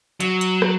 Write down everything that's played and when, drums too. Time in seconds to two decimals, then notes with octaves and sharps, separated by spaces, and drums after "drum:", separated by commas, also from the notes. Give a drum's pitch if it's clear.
0.20 F#3, drum: hi-hat
0.41 drum: hi-hat
0.62 drum: rim click